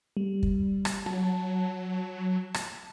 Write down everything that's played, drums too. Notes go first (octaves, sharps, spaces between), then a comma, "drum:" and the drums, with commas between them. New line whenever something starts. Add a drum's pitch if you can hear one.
G3
drum: kick
drum: rim click
F#3 A5
drum: rim click